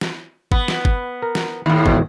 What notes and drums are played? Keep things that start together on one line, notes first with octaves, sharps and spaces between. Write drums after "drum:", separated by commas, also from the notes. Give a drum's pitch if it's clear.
drum: snare
B3, drum: kick
drum: snare
drum: kick
A#4
drum: snare
D#2 A2
E2 G#2 B2, drum: kick